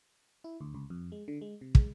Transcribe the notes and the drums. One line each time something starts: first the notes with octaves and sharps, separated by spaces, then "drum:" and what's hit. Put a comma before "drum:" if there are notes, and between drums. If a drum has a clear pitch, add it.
E4
D2
C#2
F2
G#3
D3
G#3
C3
G#3, drum: kick